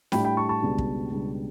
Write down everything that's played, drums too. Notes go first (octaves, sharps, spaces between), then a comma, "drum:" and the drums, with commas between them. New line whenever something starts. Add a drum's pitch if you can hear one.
A2 G3 D4 G5 B5, drum: snare
G5 B5
A5 C#6
A5 C#6
C#2 B2 G3 D4
drum: kick
C#2 B2 G3 D4